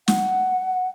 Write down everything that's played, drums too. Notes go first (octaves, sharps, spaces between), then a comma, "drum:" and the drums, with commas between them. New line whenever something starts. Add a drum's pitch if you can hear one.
F#5, drum: snare